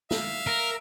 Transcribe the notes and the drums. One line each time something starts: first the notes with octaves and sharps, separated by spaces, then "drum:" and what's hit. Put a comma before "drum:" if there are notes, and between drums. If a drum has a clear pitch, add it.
E5 F5, drum: snare
A#4